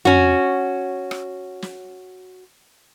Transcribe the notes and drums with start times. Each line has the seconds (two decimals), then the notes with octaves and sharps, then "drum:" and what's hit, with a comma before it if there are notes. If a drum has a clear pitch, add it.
0.05 C#4 F#4, drum: tom
1.11 drum: rim click
1.62 drum: snare